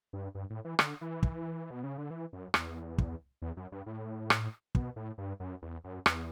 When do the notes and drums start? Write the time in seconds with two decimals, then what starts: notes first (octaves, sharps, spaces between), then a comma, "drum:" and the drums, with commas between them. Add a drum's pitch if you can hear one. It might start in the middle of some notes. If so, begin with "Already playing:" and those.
0.13 G2
0.35 G2
0.50 A2
0.65 E3
0.79 D3, drum: rim click
1.01 E3
1.23 drum: kick
1.71 B2
1.84 C#3
1.98 D3
2.10 E3
2.33 F#2
2.54 E2, drum: rim click
2.98 drum: kick
3.42 E2
3.57 F#2
3.72 G2
3.86 A2
4.30 drum: rim click
4.75 B2, drum: kick
4.96 A2
5.18 G2
5.40 F#2
5.62 E2
5.84 F#2
6.06 E2, drum: rim click